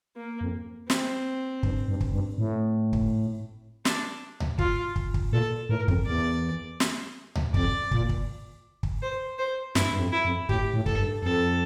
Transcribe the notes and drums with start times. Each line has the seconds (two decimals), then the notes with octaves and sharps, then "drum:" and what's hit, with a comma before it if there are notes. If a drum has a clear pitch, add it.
0.16 A#3
0.41 F2
0.90 C4, drum: snare
1.63 G2, drum: kick
1.88 G2
2.01 drum: kick
2.13 G2
2.38 A2
2.93 drum: kick
3.85 D4, drum: snare
4.40 drum: tom C#2
4.58 F4, drum: kick
4.96 drum: kick
5.14 drum: kick
5.33 A#2 A4
5.69 A2 A#4
5.88 F2, drum: kick
6.06 E2 D5
6.80 drum: snare
7.35 drum: tom C#2
7.54 F2 D5, drum: kick
7.91 A#2, drum: kick
8.09 drum: kick
8.83 drum: kick
9.02 C5
9.38 C5
9.75 G2 E4, drum: snare
9.92 G2
9.99 F2
10.12 E4
10.25 F2
10.49 A2 G4, drum: kick
10.74 A2
10.86 A4, drum: kick
10.98 G2
11.23 F2 A4